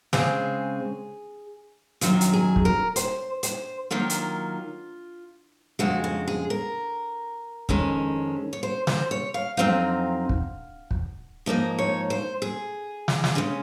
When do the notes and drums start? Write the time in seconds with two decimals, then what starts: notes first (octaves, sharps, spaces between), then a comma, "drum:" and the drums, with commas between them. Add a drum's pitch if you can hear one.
0.13 C#3 G#3 C4 G#4, drum: snare
2.01 F#2 D#3 F#3 F4, drum: hi-hat
2.21 drum: hi-hat
2.34 G#4
2.56 drum: kick
2.65 A#4
2.96 C5, drum: hi-hat
3.43 C5, drum: hi-hat
3.91 D#3 F#3 A#3 F4
4.10 drum: hi-hat
5.79 F2 C#3 G#3 F#4
6.04 F#4
6.28 G#4
6.50 A#4
7.69 F2 D#3 G#3 C#4, drum: kick
8.53 C#5
8.63 C5
8.87 C5, drum: snare
9.11 C#5
9.34 F5
9.57 F2 D#3 F#3 C4 D#4 F5
10.29 drum: kick
10.91 drum: kick
11.46 G#2 F3 A#3 D#4 D#5
11.79 C#5
12.10 C5
12.42 G#4
13.08 drum: snare
13.24 drum: snare
13.35 C#3 G#3 C#4